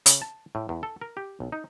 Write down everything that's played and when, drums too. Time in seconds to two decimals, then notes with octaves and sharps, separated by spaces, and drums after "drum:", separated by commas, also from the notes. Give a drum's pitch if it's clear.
0.06 C#3, drum: hi-hat
0.22 A5
0.55 A2
0.69 E2
0.83 A4
1.01 A#4
1.17 G4
1.40 B1
1.52 D#4